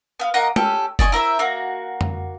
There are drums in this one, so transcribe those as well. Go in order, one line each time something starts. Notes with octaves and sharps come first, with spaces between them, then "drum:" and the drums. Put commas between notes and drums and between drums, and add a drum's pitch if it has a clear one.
B3 F5
A#3 D#5 F#5 A#5
C#4 G4 A4, drum: tom
D5 D#5 G#5 C#6, drum: kick
E4 A#4 C5 E5
A#3 F#4
drum: tom F2